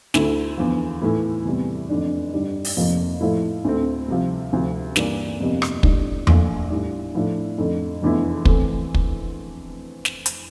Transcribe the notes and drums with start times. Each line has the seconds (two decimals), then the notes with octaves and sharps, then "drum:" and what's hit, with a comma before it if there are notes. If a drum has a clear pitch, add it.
0.14 D2 D3 A3 E4, drum: snare
0.58 E2 D3 F3
1.02 A2 E3 A3 E4
1.45 E2 C3 G3
1.89 F2 D3 A3 D4
2.33 G2 D3 G3 D4
2.65 drum: open hi-hat
2.77 F1 F2 C3 F3 A#3
3.21 A2 F3 A3 E4
3.65 D2 D3 A3 C4
4.08 C2 C3 F3
4.52 D2 C3 F3
4.96 G2 E3 A#3 D4, drum: snare
5.40 G1 F2 C3 G3 A#3
5.62 drum: rim click
5.83 A2 G3 D4, drum: kick
6.27 A#1 A#2 A3 D4, drum: tom E2
6.70 A2 G3 D4
7.15 A2 F3 A3 D4
7.58 F2 D3 A3
8.02 F1 E2 D3 A3 E4
8.45 E3 A3 C4, drum: kick
8.94 drum: kick
10.05 drum: snare
10.26 drum: hi-hat